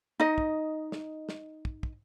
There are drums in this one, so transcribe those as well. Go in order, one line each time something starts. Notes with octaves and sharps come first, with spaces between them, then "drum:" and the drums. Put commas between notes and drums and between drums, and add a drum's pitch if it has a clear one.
D#4 D#5
drum: kick
drum: snare
drum: snare
drum: kick
drum: kick